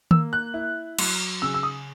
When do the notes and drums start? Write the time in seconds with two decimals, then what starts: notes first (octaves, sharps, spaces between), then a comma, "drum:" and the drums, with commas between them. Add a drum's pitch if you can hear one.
0.11 A#3 E6, drum: tom D#3
0.33 F#6
0.54 E4
0.99 F#3, drum: cymbal
1.42 C#3 E6
1.54 E6
1.63 D#6